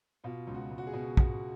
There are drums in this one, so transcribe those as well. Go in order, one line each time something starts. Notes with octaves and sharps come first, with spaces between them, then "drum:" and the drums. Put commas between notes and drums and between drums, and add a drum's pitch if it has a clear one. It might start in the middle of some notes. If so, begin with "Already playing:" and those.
B2 F4
C#2
F#4
C#2
F#4
G#4
B2
B2 F#4, drum: kick